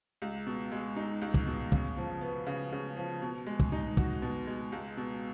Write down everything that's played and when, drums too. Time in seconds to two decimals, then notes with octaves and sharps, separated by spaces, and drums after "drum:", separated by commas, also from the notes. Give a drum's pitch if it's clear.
0.22 C#2
0.47 B2
0.72 G#3
0.96 D#4
1.22 C#2
1.34 drum: kick
1.46 B2
1.72 C#3, drum: kick
1.97 F3
2.21 B3
2.47 C#3
2.72 C#3
2.97 F3
3.22 B2
3.47 G#3
3.60 drum: kick
3.72 D#4
3.97 F#4, drum: kick
4.22 B2
4.47 G#3
4.72 C#2
4.97 B2